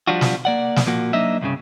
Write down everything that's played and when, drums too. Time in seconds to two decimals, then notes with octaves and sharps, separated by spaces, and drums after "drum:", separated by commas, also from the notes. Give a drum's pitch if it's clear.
0.07 F3 G3 D4 F4 F#4
0.21 drum: snare
0.45 A#3 D5 F#5
0.76 drum: snare
0.86 A#2 F3 A#3 F#4
1.13 F#3 A#3 D4 D#4 D#5 E5
1.41 C2 G2 A#2 C#3